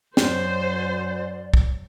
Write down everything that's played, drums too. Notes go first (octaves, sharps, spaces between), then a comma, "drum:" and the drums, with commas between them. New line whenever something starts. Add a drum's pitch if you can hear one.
F#2 C5 D5, drum: snare
drum: kick